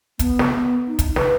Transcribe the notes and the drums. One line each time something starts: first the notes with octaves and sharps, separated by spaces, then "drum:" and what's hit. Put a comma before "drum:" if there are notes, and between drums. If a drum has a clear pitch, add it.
B3, drum: kick, hi-hat
drum: snare
B3
D#4
drum: kick, hi-hat
B4, drum: snare